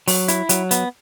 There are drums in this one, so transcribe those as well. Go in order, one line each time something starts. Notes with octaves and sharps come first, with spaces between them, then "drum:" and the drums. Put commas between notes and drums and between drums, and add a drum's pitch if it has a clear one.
F#3, drum: open hi-hat
E4, drum: hi-hat
F#3, drum: hi-hat
B3, drum: hi-hat